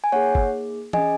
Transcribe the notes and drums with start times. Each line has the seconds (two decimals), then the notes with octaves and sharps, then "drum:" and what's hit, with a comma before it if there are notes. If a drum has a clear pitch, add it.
0.04 G#5
0.12 A#3 D#4 G#4 C#5 F#5
0.35 drum: kick G1
0.93 C#4 G#4 D#5 G#5, drum: tom E3